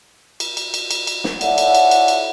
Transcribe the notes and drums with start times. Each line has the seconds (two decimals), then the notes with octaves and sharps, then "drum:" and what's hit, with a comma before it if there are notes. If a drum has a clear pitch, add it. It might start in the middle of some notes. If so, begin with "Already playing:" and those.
0.40 drum: cymbal
0.57 drum: cymbal
0.74 drum: cymbal
0.91 drum: cymbal
1.07 drum: cymbal
1.24 drum: snare
1.41 E4 A4 C#5 D5 E5 F#5, drum: cymbal
1.58 drum: cymbal
1.75 drum: cymbal
1.91 drum: cymbal
2.08 drum: cymbal